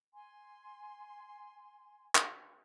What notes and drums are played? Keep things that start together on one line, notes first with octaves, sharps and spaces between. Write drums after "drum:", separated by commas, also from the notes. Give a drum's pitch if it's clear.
G#5 C6
drum: clap